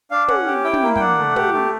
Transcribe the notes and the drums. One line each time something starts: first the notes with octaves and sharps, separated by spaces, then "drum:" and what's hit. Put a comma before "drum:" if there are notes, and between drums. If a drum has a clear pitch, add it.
D4 F5
C#4 F#5, drum: tom
G4
E4 G5
drum: tom
A#3
G5, drum: kick
D4 F#5
A3
G4, drum: tom
A3